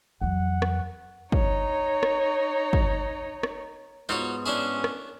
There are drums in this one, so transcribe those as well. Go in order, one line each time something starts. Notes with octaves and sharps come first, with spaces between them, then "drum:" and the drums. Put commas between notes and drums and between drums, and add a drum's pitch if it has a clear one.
F2 E3 F#3 F#5
drum: rim click
D#4 C#5, drum: kick
drum: rim click
drum: kick
drum: rim click
G#2 B3 F4 F#4 C#5
C#4 D4 E4 G#4
drum: rim click